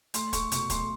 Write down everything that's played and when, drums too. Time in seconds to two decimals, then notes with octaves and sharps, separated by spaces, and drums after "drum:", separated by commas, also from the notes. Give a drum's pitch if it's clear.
0.14 A3 C6, drum: hi-hat
0.33 A3 C#6, drum: kick, hi-hat
0.52 B2 C#6, drum: hi-hat
0.70 A3 C6, drum: kick, hi-hat